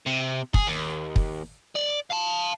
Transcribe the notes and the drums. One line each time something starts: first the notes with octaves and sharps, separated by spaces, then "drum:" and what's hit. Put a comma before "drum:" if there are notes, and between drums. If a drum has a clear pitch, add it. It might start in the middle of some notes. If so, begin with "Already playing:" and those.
C3
G#4, drum: kick
D#2
drum: kick
D5
F5 A5